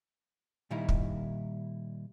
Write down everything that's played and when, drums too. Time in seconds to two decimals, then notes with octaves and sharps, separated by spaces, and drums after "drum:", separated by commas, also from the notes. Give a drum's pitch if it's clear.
0.71 A#2 D#3 G3 D#4 E4
0.89 drum: kick